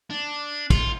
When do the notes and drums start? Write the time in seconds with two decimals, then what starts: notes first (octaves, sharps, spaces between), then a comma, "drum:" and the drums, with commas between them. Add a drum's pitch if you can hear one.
0.10 D4
0.70 F4, drum: kick, cymbal